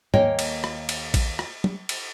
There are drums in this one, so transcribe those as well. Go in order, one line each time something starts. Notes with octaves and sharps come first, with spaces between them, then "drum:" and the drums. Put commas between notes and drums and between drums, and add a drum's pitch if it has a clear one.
D#2 A#3 C#5 D#5 G5 G#5, drum: tom G#2
drum: cymbal
drum: rim click
drum: cymbal
drum: kick A#1, cymbal
drum: rim click
drum: tom
drum: cymbal